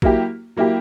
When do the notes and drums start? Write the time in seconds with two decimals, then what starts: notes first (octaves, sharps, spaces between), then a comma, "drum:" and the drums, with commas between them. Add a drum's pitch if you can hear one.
0.02 F#3 A#3 E4 G4, drum: kick
0.57 F#3 A#3 E4 G4